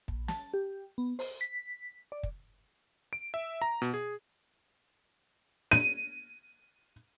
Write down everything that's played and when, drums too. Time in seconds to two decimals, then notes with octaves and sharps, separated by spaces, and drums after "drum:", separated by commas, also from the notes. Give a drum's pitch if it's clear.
0.08 A#1, drum: kick
0.28 A5, drum: snare
0.54 G4
0.98 B3
1.19 C5, drum: open hi-hat
1.41 B6
2.12 D5
2.23 drum: kick
3.13 D7
3.34 E5
3.62 A#5
3.82 B2, drum: hi-hat
3.94 G#4
5.71 D#7, drum: snare